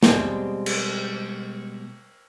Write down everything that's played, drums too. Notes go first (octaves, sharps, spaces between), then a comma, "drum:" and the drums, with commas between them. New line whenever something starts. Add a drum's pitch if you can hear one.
B2 G3 G#3 C4, drum: snare
drum: cymbal